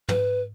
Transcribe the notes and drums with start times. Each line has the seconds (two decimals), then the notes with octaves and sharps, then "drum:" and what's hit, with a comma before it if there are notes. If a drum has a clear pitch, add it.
0.09 B4, drum: tom